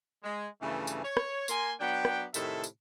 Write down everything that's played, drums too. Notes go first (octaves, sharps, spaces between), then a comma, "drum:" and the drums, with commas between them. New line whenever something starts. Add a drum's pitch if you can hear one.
G#3
G2 C#3 E3 F3 A3
drum: tambourine
C#5
drum: rim click
A#3 G#5 C6, drum: tambourine
F#3 B3 D4 G5
drum: rim click
A2 C3 D#3 G#4 A4 E5, drum: tambourine
drum: tambourine